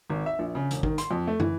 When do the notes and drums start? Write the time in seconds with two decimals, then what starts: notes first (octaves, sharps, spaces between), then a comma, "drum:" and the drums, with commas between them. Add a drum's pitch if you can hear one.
0.10 G#1
0.26 E5
0.39 A#1
0.55 C#3
0.71 E1, drum: hi-hat
0.83 D#3, drum: kick
0.98 C6, drum: hi-hat
1.11 F2
1.27 A3
1.40 E3, drum: tom